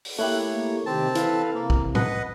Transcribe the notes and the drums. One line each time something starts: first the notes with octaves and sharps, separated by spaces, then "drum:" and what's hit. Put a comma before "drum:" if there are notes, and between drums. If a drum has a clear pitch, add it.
drum: open hi-hat
A3 A#3 E4 G4 C#5 F#6
A#3
C3 D#3 C4 G4 A5
E3 A4 B4 F5, drum: hi-hat
C3 A#3
drum: kick
B4 D#5 F#5, drum: tom A2